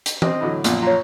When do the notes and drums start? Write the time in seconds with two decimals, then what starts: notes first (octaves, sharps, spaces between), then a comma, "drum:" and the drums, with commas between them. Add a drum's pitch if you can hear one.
0.06 drum: hi-hat
0.22 C4 D#5, drum: tom E3
0.41 A2 D3 F#3
0.64 A#1 F#2 A#2 B3, drum: hi-hat
0.82 F4 C#5 A#5